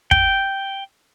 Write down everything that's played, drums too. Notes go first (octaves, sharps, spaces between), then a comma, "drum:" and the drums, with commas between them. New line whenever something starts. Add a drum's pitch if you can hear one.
G5, drum: kick